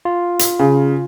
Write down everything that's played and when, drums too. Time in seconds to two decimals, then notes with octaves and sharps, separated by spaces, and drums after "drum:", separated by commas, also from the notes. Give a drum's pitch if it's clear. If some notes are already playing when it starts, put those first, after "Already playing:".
0.05 F4
0.39 drum: hi-hat
0.59 C#3